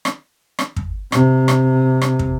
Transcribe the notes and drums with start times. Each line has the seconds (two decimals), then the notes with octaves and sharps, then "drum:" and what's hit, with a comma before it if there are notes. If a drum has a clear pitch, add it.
0.05 drum: rim click
0.59 drum: rim click
0.76 drum: kick
1.12 C3, drum: rim click
1.48 drum: rim click
2.02 drum: rim click
2.19 drum: kick